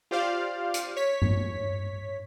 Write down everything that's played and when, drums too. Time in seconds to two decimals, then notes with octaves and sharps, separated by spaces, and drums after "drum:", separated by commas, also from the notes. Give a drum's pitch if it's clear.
0.11 F4 G4 C5 D5 F5
0.74 drum: hi-hat
0.97 C#5 B6
1.22 drum: tom G2